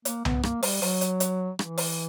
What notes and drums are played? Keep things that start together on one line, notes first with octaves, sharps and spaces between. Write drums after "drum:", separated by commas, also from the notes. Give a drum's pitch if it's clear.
A#3, drum: hi-hat
B3, drum: tom C2
A#3, drum: rim click
G3, drum: open hi-hat
F#3, drum: open hi-hat
drum: hi-hat
drum: hi-hat
E3, drum: rim click
drum: open hi-hat